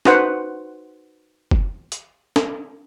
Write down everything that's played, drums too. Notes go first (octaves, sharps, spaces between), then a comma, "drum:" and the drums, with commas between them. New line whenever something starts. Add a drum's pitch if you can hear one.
D#4 F#4 B4 C5 F#5, drum: snare
drum: kick
drum: hi-hat
drum: snare